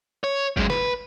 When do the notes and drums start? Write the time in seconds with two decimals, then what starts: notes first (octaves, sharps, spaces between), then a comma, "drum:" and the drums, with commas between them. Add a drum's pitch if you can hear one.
0.24 C#5
0.57 F#2 G#3, drum: kick G#1
0.70 B4, drum: snare